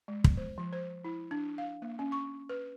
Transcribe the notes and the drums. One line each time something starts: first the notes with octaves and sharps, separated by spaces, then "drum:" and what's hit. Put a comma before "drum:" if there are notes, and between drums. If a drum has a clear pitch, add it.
G#3
drum: kick
C5
F3
C5
E4
D4
F5
A#3
C#4
C#6
B4